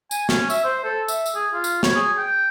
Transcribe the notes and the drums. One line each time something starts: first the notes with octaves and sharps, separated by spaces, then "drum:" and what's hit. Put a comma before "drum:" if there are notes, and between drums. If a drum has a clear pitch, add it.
G#5, drum: tambourine
C#4, drum: snare
E5, drum: tambourine
C5
A4
E5, drum: tambourine
drum: tambourine
G#4
F4
drum: tambourine
C#5, drum: snare
G#4
G5